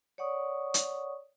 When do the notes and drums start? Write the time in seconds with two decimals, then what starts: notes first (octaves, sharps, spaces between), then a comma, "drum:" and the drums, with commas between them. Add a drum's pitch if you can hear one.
0.18 C#5 D5 F#5 C#6 D#6
0.74 drum: hi-hat